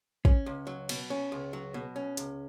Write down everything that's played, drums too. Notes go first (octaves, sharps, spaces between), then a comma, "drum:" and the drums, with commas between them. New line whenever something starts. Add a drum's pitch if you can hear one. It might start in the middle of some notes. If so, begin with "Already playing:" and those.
C#4, drum: kick
C#2
F#3
B2, drum: cymbal
C#4
C#2
F#3
B2
C#4
C#2, drum: hi-hat